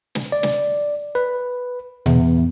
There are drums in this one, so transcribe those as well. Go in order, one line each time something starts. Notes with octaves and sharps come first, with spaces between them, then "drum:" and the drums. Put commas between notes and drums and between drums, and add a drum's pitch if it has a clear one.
drum: snare
D5
drum: snare
B4
E2, drum: tom A#2